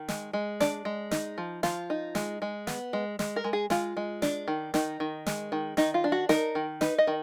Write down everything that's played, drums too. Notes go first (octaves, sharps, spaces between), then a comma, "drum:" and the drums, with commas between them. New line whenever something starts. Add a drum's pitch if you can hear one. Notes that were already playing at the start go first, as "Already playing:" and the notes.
Already playing: D#3
G#3, drum: snare
G#3
D4 D5, drum: snare
G#3
D#4, drum: snare
F3
F3 F4, drum: snare
D#4
G#3, drum: snare
G#3
B3, drum: snare
G#3
G#3, drum: snare
A#4
G#3
G#4
G#3 F4, drum: snare
G#3
D4, drum: snare
D#3
D#3 D#4, drum: snare
D#3
G#3, drum: snare
D#3
D#3 D#4, drum: snare
F4
D4
F#4
D#4 A#4, drum: snare
D#3
D#4 B4, drum: snare
D#5
D#3